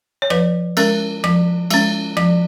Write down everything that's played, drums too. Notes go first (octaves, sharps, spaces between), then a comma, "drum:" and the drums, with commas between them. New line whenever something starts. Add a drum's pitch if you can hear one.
C#5
F3 B4, drum: rim click
G#3 C#4 A#4, drum: cymbal
F3, drum: rim click
G#3 C#4, drum: cymbal
F3, drum: rim click